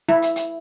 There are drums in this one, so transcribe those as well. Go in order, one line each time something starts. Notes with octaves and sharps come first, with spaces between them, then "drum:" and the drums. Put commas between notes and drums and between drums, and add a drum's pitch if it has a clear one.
E4, drum: snare
drum: hi-hat
drum: hi-hat